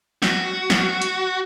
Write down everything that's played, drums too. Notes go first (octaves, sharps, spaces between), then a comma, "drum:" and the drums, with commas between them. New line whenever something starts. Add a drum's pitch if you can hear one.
F#4, drum: snare
drum: snare
drum: hi-hat